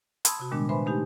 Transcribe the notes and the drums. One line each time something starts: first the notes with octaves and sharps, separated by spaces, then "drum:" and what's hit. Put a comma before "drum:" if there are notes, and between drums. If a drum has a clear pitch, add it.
A5 B5 C6 D#6 E6 G#6, drum: hi-hat
C3 F#4
A#2 D#3 G3 G#3 B3 D4
B4 C5 E5 G#5 B5 C6
A3 D#4 G4 G#5